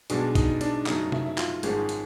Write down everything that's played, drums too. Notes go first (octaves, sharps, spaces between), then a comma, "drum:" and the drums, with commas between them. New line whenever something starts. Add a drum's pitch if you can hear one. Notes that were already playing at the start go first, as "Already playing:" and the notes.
B1 B2 G#3 D4, drum: hi-hat
D#4, drum: kick, hi-hat
D4, drum: hi-hat
F#2 C#3 F#3 A3 D#4, drum: clap
E4, drum: tom C3
E4
F4, drum: clap
G#1 G#2 F3 G#3 C#4 G#4, drum: hi-hat
drum: hi-hat